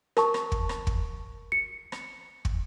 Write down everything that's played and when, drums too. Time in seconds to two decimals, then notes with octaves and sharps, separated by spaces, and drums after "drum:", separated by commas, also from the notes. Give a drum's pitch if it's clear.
0.17 A#4 A5 C#6, drum: rim click
0.34 drum: rim click
0.52 drum: kick
0.69 drum: rim click
0.87 drum: kick
1.52 C#7
1.92 drum: rim click
2.45 drum: kick